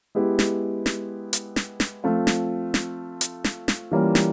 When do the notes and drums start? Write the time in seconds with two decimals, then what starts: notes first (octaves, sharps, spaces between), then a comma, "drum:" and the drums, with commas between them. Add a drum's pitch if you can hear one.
0.15 G#3 B3 E4 G4
0.39 drum: snare
0.86 drum: snare
1.33 drum: hi-hat
1.56 drum: snare
1.80 drum: snare
2.04 F3 A3 C4 F4
2.27 drum: snare
2.74 drum: snare
3.21 drum: hi-hat
3.44 drum: snare
3.68 drum: snare
3.91 E3 G3 A#3 C#4 F4
4.15 drum: snare